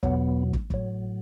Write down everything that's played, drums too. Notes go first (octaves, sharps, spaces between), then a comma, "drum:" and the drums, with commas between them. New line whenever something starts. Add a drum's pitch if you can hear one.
E2 B2 F#3 B3, drum: kick
drum: kick
A2 F#3, drum: kick